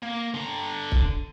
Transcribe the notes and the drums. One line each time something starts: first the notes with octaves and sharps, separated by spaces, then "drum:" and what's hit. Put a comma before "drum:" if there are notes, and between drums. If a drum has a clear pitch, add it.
A#3
D3 A#5
drum: kick